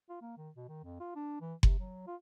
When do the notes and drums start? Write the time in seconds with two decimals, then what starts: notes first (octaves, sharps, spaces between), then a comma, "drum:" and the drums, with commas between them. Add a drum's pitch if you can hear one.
0.10 F4
0.21 A#3
0.37 D#3
0.55 B2
0.68 D#3
0.84 F2
1.00 F4
1.16 D4
1.41 E3
1.63 C3, drum: kick F#1
1.79 F#3
2.07 F4